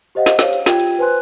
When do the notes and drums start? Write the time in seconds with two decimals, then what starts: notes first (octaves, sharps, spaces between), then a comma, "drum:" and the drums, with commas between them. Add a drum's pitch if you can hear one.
0.15 G4 C5 D#5 F5 F#5
0.26 drum: snare
0.39 G4 C5 C#5 F5, drum: snare
0.53 drum: hi-hat
0.66 F4 G4 G5 G#6, drum: snare
0.80 drum: hi-hat
0.98 B4 C5 G#5 C6 F#6